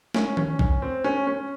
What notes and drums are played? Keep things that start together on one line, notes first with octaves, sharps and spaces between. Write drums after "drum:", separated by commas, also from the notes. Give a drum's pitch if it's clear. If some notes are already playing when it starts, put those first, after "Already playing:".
C#4, drum: snare
C#4, drum: tom D#3
C#4, drum: kick
C4
C#4
C#4